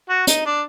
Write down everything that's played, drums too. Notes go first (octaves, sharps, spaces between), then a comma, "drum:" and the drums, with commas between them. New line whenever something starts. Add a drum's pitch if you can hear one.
F#4
D#4, drum: hi-hat
D4